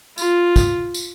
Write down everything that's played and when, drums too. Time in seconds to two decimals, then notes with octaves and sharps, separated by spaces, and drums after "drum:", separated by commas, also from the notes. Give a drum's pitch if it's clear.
0.18 F4, drum: tambourine
0.56 drum: kick, tambourine
0.94 drum: tambourine